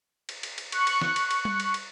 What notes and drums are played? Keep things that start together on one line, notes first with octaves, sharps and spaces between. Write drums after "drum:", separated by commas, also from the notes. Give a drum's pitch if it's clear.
drum: cymbal
drum: cymbal
drum: cymbal
C#6 F#6 C#7, drum: cymbal
drum: cymbal
drum: snare
drum: cymbal
drum: cymbal
drum: tom G3
drum: cymbal
drum: cymbal